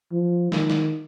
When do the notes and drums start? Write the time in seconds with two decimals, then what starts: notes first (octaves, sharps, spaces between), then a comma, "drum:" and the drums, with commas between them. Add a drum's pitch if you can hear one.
0.12 F3
0.52 D#3, drum: snare
0.69 drum: snare